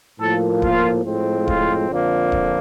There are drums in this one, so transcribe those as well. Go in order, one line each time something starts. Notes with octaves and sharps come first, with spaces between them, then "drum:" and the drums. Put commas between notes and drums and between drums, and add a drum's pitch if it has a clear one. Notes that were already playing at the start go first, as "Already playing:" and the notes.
A2 F3 A#3 A4
F4, drum: kick D1
A2 F3 G#3 C4
F4, drum: kick D1
F2 D3 F3 A#3
drum: kick D1